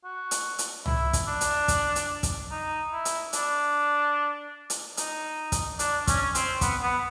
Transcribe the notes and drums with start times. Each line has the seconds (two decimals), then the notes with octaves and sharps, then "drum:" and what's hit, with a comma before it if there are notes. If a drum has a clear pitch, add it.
0.04 F#4
0.31 drum: hi-hat
0.59 drum: hi-hat
0.86 E4, drum: tom C2
1.13 drum: kick, hi-hat
1.28 D4
1.41 drum: hi-hat
1.68 drum: kick, hi-hat
1.96 drum: hi-hat
2.23 drum: kick, hi-hat
2.51 D#4
2.92 E4
3.05 drum: hi-hat
3.33 D4, drum: hi-hat
4.70 drum: hi-hat
4.97 D#4, drum: hi-hat
5.52 drum: kick, hi-hat
5.79 D4, drum: hi-hat
6.07 C#4, drum: kick, hi-hat
6.35 C4, drum: hi-hat
6.61 B3, drum: kick, hi-hat
6.83 B3